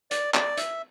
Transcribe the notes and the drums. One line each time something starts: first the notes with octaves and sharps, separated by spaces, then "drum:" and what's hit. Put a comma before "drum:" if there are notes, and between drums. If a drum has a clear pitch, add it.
D5, drum: hi-hat
D5, drum: clap
E5, drum: hi-hat